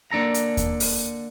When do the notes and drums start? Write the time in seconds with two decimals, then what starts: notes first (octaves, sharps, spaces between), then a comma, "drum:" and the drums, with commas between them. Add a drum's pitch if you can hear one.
0.11 D3 A#3 D4 A4 A#5
0.34 drum: hi-hat
0.57 drum: kick D#2, hi-hat
0.80 drum: open hi-hat